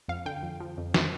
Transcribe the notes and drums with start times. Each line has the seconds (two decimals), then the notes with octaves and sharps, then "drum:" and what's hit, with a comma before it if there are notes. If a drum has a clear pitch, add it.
0.08 F2 F5
0.26 D3 G5
0.43 F2
0.60 F3
0.78 F2
0.94 D#3, drum: snare